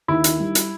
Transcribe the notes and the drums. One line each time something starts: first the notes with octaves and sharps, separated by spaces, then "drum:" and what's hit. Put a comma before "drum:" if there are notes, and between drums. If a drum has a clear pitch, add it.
D#2 E4
D#3, drum: hi-hat
G3
drum: hi-hat